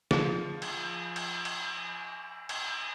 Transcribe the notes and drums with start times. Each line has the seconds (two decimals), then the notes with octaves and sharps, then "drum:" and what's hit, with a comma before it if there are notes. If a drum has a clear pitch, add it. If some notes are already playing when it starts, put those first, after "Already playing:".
0.11 F3 F4 G#4, drum: snare
0.62 drum: cymbal
1.16 drum: cymbal
1.45 drum: cymbal
2.49 drum: cymbal